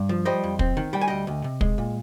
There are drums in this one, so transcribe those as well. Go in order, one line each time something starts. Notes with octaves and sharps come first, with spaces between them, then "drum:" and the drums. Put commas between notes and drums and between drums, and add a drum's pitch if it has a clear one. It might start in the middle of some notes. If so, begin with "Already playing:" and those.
Already playing: G2 D5
F3
G3 C5 D#5
F2
C4, drum: kick
D#3
G3 G5
G#5
D2 D#5 G5
D2
C3
G#3, drum: kick
A#2